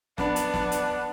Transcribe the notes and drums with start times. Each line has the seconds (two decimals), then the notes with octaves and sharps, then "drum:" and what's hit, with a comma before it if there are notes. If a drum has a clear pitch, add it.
0.18 B3 D4, drum: snare
0.36 drum: hi-hat
0.54 drum: snare
0.72 drum: hi-hat